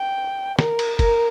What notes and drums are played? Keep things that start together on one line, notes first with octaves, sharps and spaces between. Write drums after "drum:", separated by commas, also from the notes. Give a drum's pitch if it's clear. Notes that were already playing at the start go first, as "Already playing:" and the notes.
Already playing: G5
A#4, drum: snare
drum: cymbal
A#4, drum: kick, cymbal